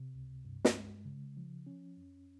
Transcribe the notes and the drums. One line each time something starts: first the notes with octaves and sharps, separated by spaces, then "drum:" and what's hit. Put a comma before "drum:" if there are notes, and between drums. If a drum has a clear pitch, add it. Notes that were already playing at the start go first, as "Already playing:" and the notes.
Already playing: C3
C#2
G2
drum: snare
G#3
C#3
F3
C#4
F2